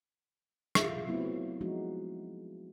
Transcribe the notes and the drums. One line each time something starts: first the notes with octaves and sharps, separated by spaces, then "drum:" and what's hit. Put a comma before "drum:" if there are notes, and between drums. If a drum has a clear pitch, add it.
F4 E5, drum: rim click
F#3 A3 B3 C4 E4
F3 G#3 D#4 F#4